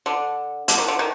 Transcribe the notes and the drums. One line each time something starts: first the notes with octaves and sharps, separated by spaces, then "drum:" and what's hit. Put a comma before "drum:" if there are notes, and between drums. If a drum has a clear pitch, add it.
D3
D3, drum: hi-hat
D#3
D3
D#3